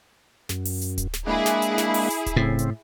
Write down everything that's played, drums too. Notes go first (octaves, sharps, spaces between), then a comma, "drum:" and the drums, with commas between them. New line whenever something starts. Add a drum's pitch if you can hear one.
F#2, drum: snare
drum: open hi-hat
drum: hi-hat
drum: kick D1, hi-hat
drum: snare
G#3 A#3 D4 E4 G#4
drum: snare
drum: hi-hat
drum: snare
drum: open hi-hat
drum: hi-hat
drum: kick D1, hi-hat
A2 C#3 C4
drum: hi-hat